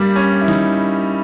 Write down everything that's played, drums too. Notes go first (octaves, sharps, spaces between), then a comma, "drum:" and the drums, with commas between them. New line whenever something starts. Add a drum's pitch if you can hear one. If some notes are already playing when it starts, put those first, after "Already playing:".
Already playing: G2 G3 A#3
C#4
E4
D#4, drum: tom D#3